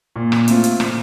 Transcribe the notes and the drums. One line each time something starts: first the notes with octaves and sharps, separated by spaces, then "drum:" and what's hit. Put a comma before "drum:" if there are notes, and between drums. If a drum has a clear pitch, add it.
A#2
drum: rim click
A3 C4 F4, drum: hi-hat
drum: hi-hat
A#2, drum: rim click